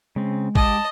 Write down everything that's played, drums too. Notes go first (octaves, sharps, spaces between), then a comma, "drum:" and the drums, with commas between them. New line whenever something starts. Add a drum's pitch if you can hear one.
C#3 G#3 C4
G4 D#5 A5, drum: kick